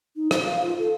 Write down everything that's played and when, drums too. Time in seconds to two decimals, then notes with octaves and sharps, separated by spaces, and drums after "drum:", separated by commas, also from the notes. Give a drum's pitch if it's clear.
0.16 D#4
0.31 C5, drum: rim click
0.45 F5
0.62 F4
0.78 A4